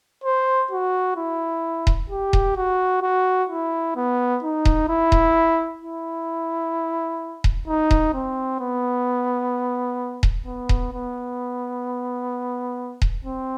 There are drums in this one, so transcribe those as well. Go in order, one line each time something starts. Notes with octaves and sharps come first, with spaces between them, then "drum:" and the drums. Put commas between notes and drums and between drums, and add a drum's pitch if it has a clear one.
C5
F#4
E4
drum: kick D#1
G4
drum: kick D#1
F#4
F#4
E4
B3
D#4
drum: kick D#1
E4
drum: kick D#1
E4
drum: kick D#1
D#4
drum: kick D#1
C4
B3
drum: kick D#1
B3
drum: kick D#1
B3
drum: kick D#1
C4